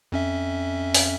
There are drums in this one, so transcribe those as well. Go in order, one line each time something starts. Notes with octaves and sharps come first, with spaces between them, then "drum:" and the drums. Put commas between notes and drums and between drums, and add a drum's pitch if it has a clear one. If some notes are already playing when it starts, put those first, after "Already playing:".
F2 C#4 E5
drum: open hi-hat